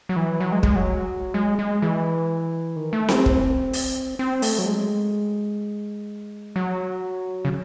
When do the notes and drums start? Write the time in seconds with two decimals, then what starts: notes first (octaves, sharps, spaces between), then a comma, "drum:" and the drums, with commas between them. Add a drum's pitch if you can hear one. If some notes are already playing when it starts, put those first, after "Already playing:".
0.09 F#3
0.16 E3
0.40 F#3
0.52 G#3
0.63 G#3, drum: kick
0.75 F#3
1.34 G#3
1.59 G#3
1.82 E3
2.76 D#3
2.93 A3
3.09 C4, drum: snare C4
3.26 drum: kick
3.73 drum: open hi-hat
4.19 C4
4.42 A3, drum: open hi-hat
4.59 F#3
4.66 G#3
6.56 F#3
7.45 C#3